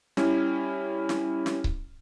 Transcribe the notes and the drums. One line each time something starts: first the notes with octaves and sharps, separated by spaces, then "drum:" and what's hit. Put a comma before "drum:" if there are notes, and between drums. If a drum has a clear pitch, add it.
G3 C#4 E4, drum: snare
drum: snare
drum: snare
drum: kick C#1